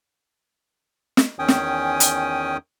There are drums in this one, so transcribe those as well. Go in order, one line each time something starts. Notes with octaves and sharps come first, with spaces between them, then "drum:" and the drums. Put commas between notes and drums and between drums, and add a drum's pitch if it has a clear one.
drum: snare
E2 D#3 C#4 G5 G#5 D#6
drum: snare
drum: hi-hat